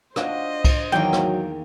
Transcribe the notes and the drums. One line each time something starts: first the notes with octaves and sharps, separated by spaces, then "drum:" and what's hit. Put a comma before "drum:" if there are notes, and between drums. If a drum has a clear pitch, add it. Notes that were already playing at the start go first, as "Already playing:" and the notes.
D4 F4 F#4 C5 D#5, drum: rim click
drum: kick, cymbal
E2 D#3 F#3 A#3 G5
drum: rim click